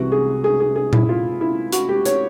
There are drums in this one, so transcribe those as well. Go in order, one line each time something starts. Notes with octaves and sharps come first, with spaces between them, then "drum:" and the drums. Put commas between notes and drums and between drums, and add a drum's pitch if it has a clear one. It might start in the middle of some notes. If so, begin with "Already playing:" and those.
Already playing: C2 C3 E3 F#4
G#4
G#4
G#4
G#4
E4, drum: tom A#2
F4
E4
F#4, drum: hi-hat
G4
C#5, drum: hi-hat